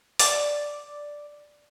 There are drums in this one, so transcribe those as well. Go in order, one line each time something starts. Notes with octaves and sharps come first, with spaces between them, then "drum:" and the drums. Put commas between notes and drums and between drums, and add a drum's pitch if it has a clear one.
D5, drum: open hi-hat